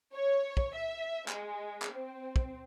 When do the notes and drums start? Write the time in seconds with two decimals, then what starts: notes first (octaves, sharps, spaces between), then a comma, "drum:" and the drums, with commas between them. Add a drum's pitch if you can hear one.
0.14 C#5
0.57 drum: kick
0.76 E5
1.28 G#3, drum: clap
1.82 drum: clap
1.93 C4
2.36 drum: kick